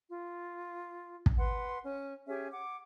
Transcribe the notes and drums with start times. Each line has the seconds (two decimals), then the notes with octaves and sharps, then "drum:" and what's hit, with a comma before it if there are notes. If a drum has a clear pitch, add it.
0.08 F4
1.26 drum: kick
1.38 B4 F#5 C6
1.83 C#4
2.28 C#4 G4 G#4 E5
2.51 F#5 D6